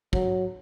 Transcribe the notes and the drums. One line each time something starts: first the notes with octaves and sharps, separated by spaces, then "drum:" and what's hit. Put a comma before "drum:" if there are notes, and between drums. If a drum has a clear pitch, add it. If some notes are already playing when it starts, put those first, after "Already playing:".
F#3, drum: kick